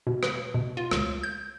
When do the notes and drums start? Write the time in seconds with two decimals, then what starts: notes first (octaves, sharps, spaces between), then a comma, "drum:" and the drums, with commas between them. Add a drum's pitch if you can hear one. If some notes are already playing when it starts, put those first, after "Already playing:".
0.07 B2
0.23 B4, drum: rim click
0.54 B2
0.77 F4
0.91 C#2, drum: rim click
1.23 G6